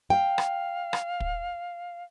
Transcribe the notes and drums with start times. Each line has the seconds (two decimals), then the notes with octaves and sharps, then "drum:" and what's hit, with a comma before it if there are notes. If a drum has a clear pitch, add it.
0.10 F5 G5
0.38 drum: rim click
0.93 drum: rim click
1.20 drum: kick